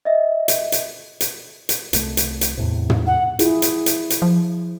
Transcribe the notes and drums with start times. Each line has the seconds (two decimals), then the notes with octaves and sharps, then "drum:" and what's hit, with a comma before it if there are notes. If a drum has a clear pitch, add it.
0.05 D#5 E5
0.48 drum: hi-hat
0.72 drum: hi-hat
1.21 drum: hi-hat
1.69 drum: hi-hat
1.93 C2 A3, drum: hi-hat
2.17 drum: hi-hat
2.41 drum: hi-hat
2.57 E2 A2 C3
2.90 drum: tom
3.07 F#5
3.39 E4 F4 G#4, drum: hi-hat
3.62 drum: hi-hat
3.86 drum: hi-hat
4.10 drum: hi-hat
4.22 F3